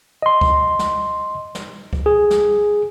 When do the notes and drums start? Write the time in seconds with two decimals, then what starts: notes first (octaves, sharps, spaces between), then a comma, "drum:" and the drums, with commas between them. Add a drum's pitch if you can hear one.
0.22 D#5 C6
0.41 drum: kick C#2
0.79 drum: snare
1.55 drum: snare
1.93 drum: kick C#2
2.06 G#4
2.30 drum: snare